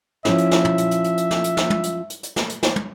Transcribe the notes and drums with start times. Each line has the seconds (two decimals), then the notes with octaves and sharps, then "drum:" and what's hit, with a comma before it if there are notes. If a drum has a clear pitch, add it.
0.25 F3 C#4 E4 E5, drum: snare
0.38 drum: hi-hat
0.51 drum: snare
0.65 drum: tom
0.78 drum: hi-hat
0.91 drum: hi-hat
1.04 drum: hi-hat
1.17 drum: hi-hat
1.31 drum: snare
1.44 drum: hi-hat
1.57 drum: snare
1.70 drum: tom
1.83 drum: hi-hat
2.10 drum: hi-hat
2.23 drum: hi-hat
2.36 drum: snare
2.49 drum: hi-hat
2.63 drum: snare
2.76 drum: tom